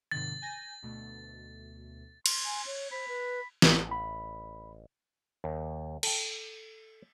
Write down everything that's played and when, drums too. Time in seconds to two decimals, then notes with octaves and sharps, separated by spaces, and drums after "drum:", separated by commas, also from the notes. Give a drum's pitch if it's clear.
0.11 G#2 C3 D#3 A6
0.42 G#5 G6 A#6
0.83 D2 B2 A3
2.26 C6, drum: cymbal
2.45 G#5
2.66 C#5
2.92 C5 B5
3.08 B4
3.62 A1, drum: snare
3.91 B5
5.44 D#2
6.03 A4 G5, drum: cymbal